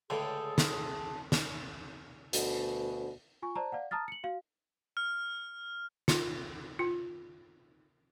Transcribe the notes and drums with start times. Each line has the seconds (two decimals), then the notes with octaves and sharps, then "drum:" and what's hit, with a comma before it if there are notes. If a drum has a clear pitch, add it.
0.10 C#2 A2 D3 G#4 A4 G5
0.58 drum: snare
1.32 drum: snare
2.33 D2 B2, drum: hi-hat
3.42 F4 G#5 C#6
3.56 C5 D5 A5 A#5
3.72 D5 F5 F#5
3.91 A5 A#5 D#6 F6 A6
4.08 C#7 F#7
4.24 F#4 F5
4.97 F6
6.08 F4, drum: snare
6.79 F4